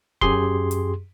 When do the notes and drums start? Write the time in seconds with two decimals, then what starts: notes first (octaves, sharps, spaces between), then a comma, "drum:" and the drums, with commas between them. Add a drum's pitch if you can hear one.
0.21 F#2 G4 G#4 C6, drum: kick E1
0.71 drum: hi-hat